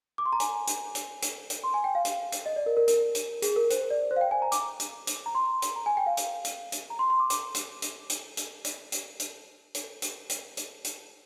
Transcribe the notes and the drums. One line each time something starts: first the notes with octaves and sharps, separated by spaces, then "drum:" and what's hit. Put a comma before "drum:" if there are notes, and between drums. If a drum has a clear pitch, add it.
D6
C6
A#5
G#5, drum: hi-hat
drum: hi-hat
drum: hi-hat
drum: hi-hat
drum: hi-hat
C6
G#5
G5
F5
drum: hi-hat
drum: hi-hat
D#5
D5
A#4
A#4
A#4, drum: hi-hat
drum: hi-hat
G#4, drum: hi-hat
A#4
C5, drum: hi-hat
D5
C5
F5
G5
G#5
A#5
D6, drum: hi-hat
drum: hi-hat
drum: hi-hat
A#5
C6
drum: hi-hat
A#5
G#5
G5
F5
drum: hi-hat
drum: hi-hat
drum: hi-hat
A#5
C6
C6
D6
D6, drum: hi-hat
drum: hi-hat
drum: hi-hat
drum: hi-hat
drum: hi-hat
drum: hi-hat
drum: hi-hat
drum: hi-hat
drum: hi-hat
drum: hi-hat
drum: hi-hat
drum: hi-hat
drum: hi-hat